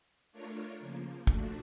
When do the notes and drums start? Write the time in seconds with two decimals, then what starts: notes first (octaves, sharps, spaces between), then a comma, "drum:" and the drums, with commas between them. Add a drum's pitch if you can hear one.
0.32 A3 D4 F4 A#4 C#5
0.80 C#3 F3 A#3
1.27 A#2 F3 A3 D4 F#4, drum: kick